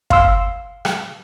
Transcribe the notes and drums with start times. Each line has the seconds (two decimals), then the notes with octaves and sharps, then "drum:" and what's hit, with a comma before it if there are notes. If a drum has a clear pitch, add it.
0.10 F5 C6 E6, drum: kick
0.85 drum: rim click